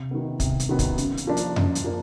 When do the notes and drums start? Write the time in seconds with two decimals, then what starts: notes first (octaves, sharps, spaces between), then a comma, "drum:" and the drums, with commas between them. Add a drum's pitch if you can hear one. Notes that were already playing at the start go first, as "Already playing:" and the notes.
Already playing: C3
0.11 D#3 F#3 B3
0.40 C3, drum: kick, hi-hat
0.60 drum: hi-hat
0.69 D#3 F#3 B3
0.79 drum: kick, hi-hat
0.98 C#3, drum: hi-hat
1.17 drum: hi-hat
1.27 F3 A#3 D4
1.37 drum: hi-hat
1.56 C#3, drum: tom F2
1.75 drum: hi-hat
1.84 F3 A#3 D4